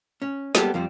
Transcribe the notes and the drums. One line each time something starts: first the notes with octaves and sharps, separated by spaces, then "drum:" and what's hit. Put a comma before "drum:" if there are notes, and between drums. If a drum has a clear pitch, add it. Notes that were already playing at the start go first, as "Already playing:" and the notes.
C#4
G3 G#3 A#3 B3 G4 A4, drum: snare
F2 F3 G3 C4